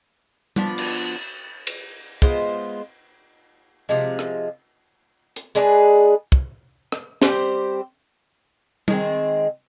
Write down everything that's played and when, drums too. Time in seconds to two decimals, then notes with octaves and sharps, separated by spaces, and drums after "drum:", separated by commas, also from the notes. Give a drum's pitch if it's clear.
0.56 F3 B3 D4, drum: tom G3
0.78 drum: cymbal
1.67 drum: cymbal
2.22 G#3 B3 F4 C5, drum: kick
3.89 C3 F3 G#3
4.19 drum: rim click
5.36 drum: hi-hat
5.55 G#3 D4 G#4 B4, drum: hi-hat
6.32 drum: kick
6.92 drum: rim click
7.22 G3 C4 G4 C5, drum: snare
8.88 D#3 G#3 C4, drum: tom G3